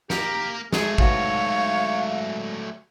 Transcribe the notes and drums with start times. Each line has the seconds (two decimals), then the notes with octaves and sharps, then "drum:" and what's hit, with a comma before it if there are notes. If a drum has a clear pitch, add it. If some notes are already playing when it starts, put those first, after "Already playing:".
0.10 A#3 G4 A#4, drum: snare
0.73 F#3 G#3 A3 G#4, drum: snare
0.98 G#2 F#4 B4 C#5 F5, drum: kick